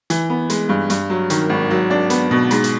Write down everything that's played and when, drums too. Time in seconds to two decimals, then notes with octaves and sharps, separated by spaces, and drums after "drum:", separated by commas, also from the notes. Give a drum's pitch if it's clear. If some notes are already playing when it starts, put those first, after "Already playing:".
0.10 E3, drum: hi-hat
0.30 B3
0.50 G#3, drum: hi-hat
0.69 G2
0.90 G2, drum: hi-hat
1.10 F#3
1.30 D#3, drum: hi-hat
1.49 G#1
1.71 F#3
1.90 D4
2.10 B3, drum: hi-hat
2.31 B2
2.51 G#2, drum: hi-hat
2.64 drum: hi-hat